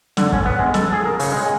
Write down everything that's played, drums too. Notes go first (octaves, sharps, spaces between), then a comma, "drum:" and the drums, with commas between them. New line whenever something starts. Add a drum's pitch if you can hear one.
D3, drum: snare
C#4, drum: kick
B3
G#3
A4, drum: snare
G#4
A#4
C#3, drum: open hi-hat
G#3
G#5